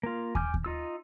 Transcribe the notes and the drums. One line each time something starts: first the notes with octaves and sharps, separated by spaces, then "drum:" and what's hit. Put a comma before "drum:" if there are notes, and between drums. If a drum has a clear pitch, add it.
A#3 F4
G#5 D6 F6 G6, drum: kick
drum: kick
D#4 F4 E6